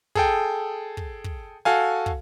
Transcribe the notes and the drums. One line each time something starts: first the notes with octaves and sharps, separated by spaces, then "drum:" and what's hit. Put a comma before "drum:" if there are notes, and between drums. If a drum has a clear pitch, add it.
G#4 A4 G5, drum: kick
drum: kick
drum: kick
F#4 A4 F5 G#5
drum: kick